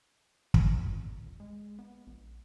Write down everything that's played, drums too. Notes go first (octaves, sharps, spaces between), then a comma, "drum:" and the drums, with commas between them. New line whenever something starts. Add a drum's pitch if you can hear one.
E3, drum: kick
A#2
F2
A#1
G#3
B3
A#1